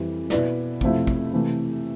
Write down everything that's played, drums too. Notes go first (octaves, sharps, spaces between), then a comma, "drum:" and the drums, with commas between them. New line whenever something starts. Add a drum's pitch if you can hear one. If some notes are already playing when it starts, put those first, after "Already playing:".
Already playing: F2 E3 G3
B2 B3 E4 B4 D5, drum: snare
F2 C3 F3 A3 E4, drum: kick
drum: kick
C3 E3 A3